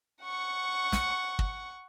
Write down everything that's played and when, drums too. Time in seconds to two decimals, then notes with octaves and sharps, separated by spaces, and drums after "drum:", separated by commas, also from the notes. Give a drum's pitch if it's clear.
0.23 F#5 C#6
0.92 drum: snare
1.39 drum: kick